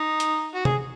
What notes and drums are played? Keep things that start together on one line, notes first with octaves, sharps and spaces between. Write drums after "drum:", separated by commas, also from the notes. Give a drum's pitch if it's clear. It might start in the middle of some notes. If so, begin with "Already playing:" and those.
Already playing: D#4
drum: hi-hat
F#4
G#4, drum: tom